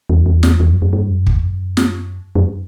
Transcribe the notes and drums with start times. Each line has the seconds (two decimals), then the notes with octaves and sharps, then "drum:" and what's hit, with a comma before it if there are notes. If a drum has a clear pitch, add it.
0.10 E2
0.26 E2
0.43 drum: snare
0.60 E2
0.71 F#2
0.82 F#2
0.93 G2
1.10 F#2
1.27 E2, drum: kick
1.43 F#2
1.77 drum: snare
2.35 F#2